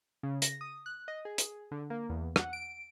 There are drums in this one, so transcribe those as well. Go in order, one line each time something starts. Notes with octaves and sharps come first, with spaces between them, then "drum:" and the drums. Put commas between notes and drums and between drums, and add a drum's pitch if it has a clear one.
C#3
A#6, drum: hi-hat
D#6
F#6
D#5
G#4
drum: hi-hat
D3
A#3
E2
F#5, drum: rim click
D7